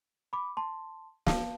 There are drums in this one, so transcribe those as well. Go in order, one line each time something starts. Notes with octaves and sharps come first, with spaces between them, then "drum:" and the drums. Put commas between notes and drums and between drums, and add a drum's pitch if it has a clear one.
B5 D6
A5 C6
F5 A5, drum: snare